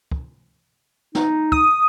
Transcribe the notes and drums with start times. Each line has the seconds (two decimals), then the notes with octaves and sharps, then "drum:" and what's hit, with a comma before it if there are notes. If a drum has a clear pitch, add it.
0.12 drum: kick
1.15 D#4, drum: snare
1.52 D#6, drum: kick